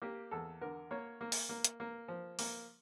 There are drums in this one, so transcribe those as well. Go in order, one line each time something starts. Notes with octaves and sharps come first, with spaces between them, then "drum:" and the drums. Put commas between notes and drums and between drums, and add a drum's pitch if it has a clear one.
A#3 G4
E2 A4
D3 A#4
A#3 C#5
A#3
drum: open hi-hat
A#3
drum: hi-hat
A#3
F3
A#3, drum: open hi-hat